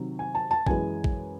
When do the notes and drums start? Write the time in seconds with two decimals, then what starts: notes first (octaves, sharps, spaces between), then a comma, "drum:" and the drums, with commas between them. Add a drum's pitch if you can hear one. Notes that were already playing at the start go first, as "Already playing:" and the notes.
Already playing: C3 D#3 F#3
0.19 G#5
0.35 A5
0.51 A5
0.67 F#2 E3 G#3 G#5, drum: kick A1
1.04 drum: kick A1